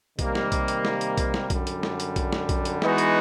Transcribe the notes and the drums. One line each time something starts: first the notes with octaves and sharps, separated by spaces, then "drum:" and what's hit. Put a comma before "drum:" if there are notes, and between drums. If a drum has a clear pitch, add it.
C3 D#3 G3 A#3, drum: kick B1, hi-hat
drum: snare
drum: kick B1, hi-hat
drum: hi-hat
drum: snare
drum: hi-hat
drum: kick B1, hi-hat
drum: snare
F#2 D3 G3, drum: kick B1, hi-hat
drum: hi-hat
drum: snare
drum: hi-hat
drum: kick B1, hi-hat
drum: snare
drum: kick B1, hi-hat
drum: hi-hat
E3 G#3 B3 D#4 F#4, drum: snare
drum: hi-hat